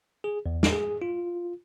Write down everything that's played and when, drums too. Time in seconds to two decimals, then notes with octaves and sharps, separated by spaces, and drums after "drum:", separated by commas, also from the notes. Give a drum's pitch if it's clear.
0.24 G#4
0.46 E2
0.63 drum: snare
0.73 G#4
1.02 F4